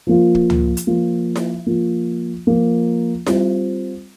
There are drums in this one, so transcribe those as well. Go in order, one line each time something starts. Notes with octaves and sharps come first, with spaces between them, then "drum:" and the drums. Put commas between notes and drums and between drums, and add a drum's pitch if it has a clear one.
F3 A#3 F4
drum: kick
drum: tom C#2
drum: hi-hat
F3 A#3 F4
drum: snare E4
F3 A#3 F4
F3 A#3 F4
G3 C4 F4, drum: snare E4